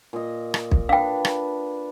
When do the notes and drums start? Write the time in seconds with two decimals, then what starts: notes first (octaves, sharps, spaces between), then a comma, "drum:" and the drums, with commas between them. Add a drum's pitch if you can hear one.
0.13 A#2 D#5
0.54 drum: rim click
0.71 drum: kick B1
0.89 D4 B4 F5 G5
1.25 drum: rim click